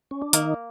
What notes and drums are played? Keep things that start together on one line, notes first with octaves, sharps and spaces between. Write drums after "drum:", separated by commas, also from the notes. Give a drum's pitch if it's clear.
C#4
D4
D#3 A#3 D#4, drum: hi-hat